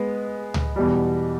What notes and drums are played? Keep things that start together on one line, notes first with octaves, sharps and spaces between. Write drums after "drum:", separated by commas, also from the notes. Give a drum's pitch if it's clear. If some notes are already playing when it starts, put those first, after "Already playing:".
Already playing: G#3 B3
drum: tom C#2
E2 B2 G3